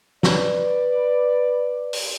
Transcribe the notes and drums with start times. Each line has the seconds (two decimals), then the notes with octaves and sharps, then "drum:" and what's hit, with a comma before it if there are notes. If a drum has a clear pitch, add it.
0.23 B4 D5, drum: snare
1.93 drum: open hi-hat